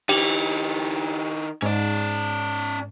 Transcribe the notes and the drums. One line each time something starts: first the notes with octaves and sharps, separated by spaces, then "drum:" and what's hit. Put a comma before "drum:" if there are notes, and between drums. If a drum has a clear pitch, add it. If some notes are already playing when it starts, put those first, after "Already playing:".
D#3 E4 G4, drum: cymbal
G#2 C#4 D5